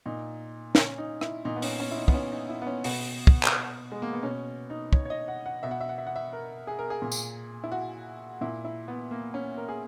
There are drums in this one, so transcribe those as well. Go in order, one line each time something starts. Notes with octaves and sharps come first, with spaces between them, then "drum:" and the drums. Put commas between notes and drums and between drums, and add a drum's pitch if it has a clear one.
A#2 D#4
C#4, drum: snare
D#4
E4, drum: rim click
A#2 D#4
B3
C#4, drum: open hi-hat
C#4
E4
D#4
B3, drum: kick
C#4
D#4
E4
B3
C#4
B2 B3, drum: open hi-hat
drum: kick
drum: clap
G#3
A#3
B3
B2 C#4
D#4
C#5, drum: kick
C#5
D#5
F#5
F#5
B2 E5
F#5
E5
F#5
E5
F#5
E5
A#4
G#4
A#4
G#4
A#2
drum: tambourine
E4
F#4
A#2 E4
E4
B3
A#3
C#4
A#4
G#4